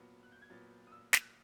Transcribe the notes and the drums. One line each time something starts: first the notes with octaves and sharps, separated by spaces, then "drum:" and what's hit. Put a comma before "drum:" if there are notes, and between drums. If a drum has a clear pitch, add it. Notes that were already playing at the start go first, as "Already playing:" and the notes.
Already playing: A#2 F#3 B3
F#6
G6
G#6
A#2 F#3 B3 A6
D#6
E6
drum: snare